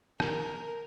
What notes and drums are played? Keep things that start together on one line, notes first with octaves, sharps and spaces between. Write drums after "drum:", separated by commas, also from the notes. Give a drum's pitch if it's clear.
A#4, drum: rim click